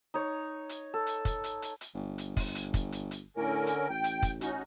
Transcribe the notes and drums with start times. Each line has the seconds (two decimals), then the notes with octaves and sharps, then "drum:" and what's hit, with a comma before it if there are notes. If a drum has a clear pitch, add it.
0.14 D#4 C#5
0.69 drum: hi-hat
0.94 A4
1.07 drum: hi-hat
1.25 drum: kick, hi-hat
1.44 drum: hi-hat
1.62 drum: hi-hat
1.81 drum: hi-hat
1.94 G1
2.18 drum: hi-hat
2.37 drum: kick, open hi-hat
2.55 drum: hi-hat
2.74 drum: kick, hi-hat
2.92 drum: hi-hat
3.11 drum: hi-hat
3.37 A2 D3 C#4 A#4
3.67 drum: hi-hat
3.89 A1 G5
4.04 drum: hi-hat
4.23 drum: kick, hi-hat
4.41 C#4 D#4 F#4, drum: hi-hat